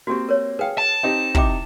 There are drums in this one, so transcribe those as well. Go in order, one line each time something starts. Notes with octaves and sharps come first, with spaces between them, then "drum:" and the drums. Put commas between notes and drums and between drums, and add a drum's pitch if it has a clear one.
A#3 C4 F#4 G4
A#4 C#5
G#4 B4 F5 G5
A5
C4 D#4 G4
C3 D#4 E4 G5 D6, drum: kick